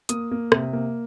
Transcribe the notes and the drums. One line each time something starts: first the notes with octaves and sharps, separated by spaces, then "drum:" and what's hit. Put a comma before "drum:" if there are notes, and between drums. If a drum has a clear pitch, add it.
A#3 D#6, drum: hi-hat
A#3
C3, drum: rim click
A#3